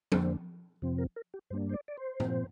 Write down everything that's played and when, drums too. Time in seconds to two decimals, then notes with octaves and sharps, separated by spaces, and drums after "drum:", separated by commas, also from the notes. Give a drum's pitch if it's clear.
0.12 F2 D3 A#3 D4 C5, drum: tom F3
0.82 F2 C3 F3 C4
0.98 A#4
1.16 A#4
1.34 G4
1.50 G2 G3 A#3 D4 C5
1.69 C5
1.74 D5
1.88 D5
1.97 C5
2.20 A#2 F3 C4, drum: tom G2